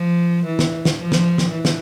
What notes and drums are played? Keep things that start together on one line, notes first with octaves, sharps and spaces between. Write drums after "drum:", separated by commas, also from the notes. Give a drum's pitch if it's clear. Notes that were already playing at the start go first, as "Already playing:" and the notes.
Already playing: F3
E3
drum: snare
drum: snare
F3
drum: snare
drum: snare
E3
drum: snare